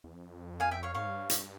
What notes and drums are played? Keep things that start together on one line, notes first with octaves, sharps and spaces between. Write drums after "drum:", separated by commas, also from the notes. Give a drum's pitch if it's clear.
E2
F2
F5 G#5
E5 G5
C#5 F5
G#2 C#5 F5
G2
drum: hi-hat